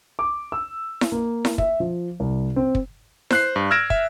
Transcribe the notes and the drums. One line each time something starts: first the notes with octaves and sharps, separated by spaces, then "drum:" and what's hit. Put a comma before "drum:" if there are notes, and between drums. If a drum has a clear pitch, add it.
D6
E6
drum: snare E4
A#3
drum: snare E4
E5, drum: kick
F3
C2
C4
drum: kick
C5 F#6 C7, drum: snare E4
G2
E6 F6 G#6 A#6 D7 E7
E5, drum: kick